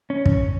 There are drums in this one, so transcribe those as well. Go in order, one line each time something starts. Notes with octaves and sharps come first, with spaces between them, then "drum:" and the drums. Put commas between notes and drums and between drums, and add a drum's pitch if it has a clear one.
C#4
drum: kick